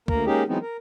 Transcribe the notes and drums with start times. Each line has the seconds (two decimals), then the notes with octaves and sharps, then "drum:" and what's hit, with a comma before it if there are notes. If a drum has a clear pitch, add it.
0.08 D2 A#3 A#4, drum: kick
0.26 G#3 A#3 C#4 D#4 G4 G#4
0.48 E3 F#3 G#3 B3 C4 D#4
0.61 A#4